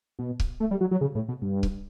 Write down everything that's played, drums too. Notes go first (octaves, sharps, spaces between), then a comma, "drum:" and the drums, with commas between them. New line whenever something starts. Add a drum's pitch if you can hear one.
B2
drum: kick C#1
A3
G3
F#3
F#3
C#3
A2
B2
G2
drum: kick C#1